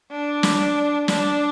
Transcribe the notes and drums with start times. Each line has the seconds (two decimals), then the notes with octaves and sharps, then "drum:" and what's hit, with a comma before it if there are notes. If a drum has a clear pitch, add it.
0.11 D4
0.43 drum: snare
1.08 D4, drum: snare